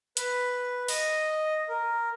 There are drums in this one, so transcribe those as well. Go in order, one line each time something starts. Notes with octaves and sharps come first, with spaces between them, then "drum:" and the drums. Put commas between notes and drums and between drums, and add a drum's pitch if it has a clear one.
B4, drum: hi-hat
D#5, drum: open hi-hat
A#4